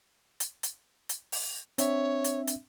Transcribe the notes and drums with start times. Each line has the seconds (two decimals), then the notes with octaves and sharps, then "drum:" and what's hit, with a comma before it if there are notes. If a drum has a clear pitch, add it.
0.40 drum: hi-hat
0.63 drum: hi-hat
1.09 drum: hi-hat
1.32 drum: open hi-hat
1.78 C4 D4 C#5 E5, drum: hi-hat
2.24 drum: hi-hat
2.47 drum: hi-hat